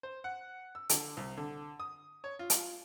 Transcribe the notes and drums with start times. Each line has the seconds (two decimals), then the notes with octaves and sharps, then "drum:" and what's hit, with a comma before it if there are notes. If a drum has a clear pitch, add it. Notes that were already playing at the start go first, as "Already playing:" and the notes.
0.03 C5
0.24 F#5
0.75 E6
0.89 D3, drum: hi-hat
1.17 C2
1.37 D3
1.80 D#6
2.24 C#5
2.39 F4
2.50 drum: hi-hat